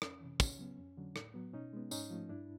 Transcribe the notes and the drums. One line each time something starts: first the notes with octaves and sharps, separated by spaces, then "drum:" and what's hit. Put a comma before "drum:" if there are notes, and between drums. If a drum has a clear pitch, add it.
F2 C#4, drum: rim click
C3 E3
C#3 C#4, drum: kick, tambourine
F#3 B3
F2
D3 F#3
A2, drum: rim click
F#3 B3
B2 C#4 D#4
G#3 B3
G#2 C#4 D#4, drum: tambourine
F3 A3
G2 D4 E4